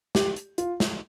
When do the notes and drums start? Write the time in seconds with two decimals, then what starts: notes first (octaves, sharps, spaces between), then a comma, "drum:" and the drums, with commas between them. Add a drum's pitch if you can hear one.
0.15 G4, drum: snare
0.36 drum: hi-hat
0.58 F4, drum: hi-hat
0.80 drum: snare